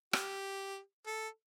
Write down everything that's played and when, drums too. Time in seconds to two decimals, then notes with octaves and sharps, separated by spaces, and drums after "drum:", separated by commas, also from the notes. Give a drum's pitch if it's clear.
0.13 G4, drum: rim click
1.07 A4